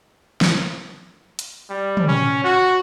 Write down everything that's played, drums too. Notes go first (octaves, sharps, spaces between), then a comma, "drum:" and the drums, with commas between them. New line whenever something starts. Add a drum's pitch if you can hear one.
drum: snare
drum: hi-hat
G3
drum: tom
C#4
F#4